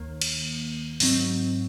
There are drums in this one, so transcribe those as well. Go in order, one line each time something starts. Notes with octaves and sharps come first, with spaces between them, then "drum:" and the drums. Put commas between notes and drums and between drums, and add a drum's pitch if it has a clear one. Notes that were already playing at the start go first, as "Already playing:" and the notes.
Already playing: D#2 D#3 A#3
drum: cymbal
G#2 F#3 C4, drum: open hi-hat